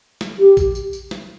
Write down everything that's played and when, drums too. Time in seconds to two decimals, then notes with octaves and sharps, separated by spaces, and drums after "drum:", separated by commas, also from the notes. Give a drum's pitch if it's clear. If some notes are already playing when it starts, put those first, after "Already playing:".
0.21 drum: snare
0.39 G4
0.57 drum: kick A#1, tambourine
0.75 drum: tambourine
0.93 drum: tambourine
1.11 drum: snare